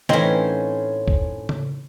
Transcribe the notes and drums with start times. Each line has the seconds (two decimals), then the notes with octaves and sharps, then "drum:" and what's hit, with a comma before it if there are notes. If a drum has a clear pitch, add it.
0.09 A2 E3 C4 C#4 D#4 C5 D#5 F5, drum: snare
1.08 drum: kick
1.49 drum: tom C#3